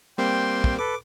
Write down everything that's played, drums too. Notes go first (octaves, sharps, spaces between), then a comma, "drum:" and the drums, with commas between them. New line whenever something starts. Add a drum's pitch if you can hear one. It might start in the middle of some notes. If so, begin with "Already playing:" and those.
G3 A#3 C4 G5 C6
drum: kick
A4 B4 D6